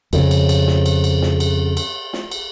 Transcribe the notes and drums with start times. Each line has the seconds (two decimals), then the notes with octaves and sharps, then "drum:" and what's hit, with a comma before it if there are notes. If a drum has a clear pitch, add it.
0.13 F2 C#3, drum: cymbal
0.31 drum: cymbal
0.49 drum: cymbal
0.67 drum: snare
0.86 drum: cymbal
1.04 drum: cymbal
1.22 drum: snare
1.40 drum: cymbal
1.77 drum: cymbal
2.13 drum: snare
2.32 drum: cymbal